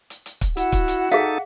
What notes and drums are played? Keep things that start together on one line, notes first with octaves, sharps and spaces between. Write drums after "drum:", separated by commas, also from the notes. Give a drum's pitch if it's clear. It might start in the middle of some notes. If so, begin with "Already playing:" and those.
drum: hi-hat
drum: hi-hat
drum: kick, hi-hat
E4 F#4 F#5, drum: hi-hat
drum: kick, hi-hat
drum: hi-hat
D#4 G#4 A4 E5 F5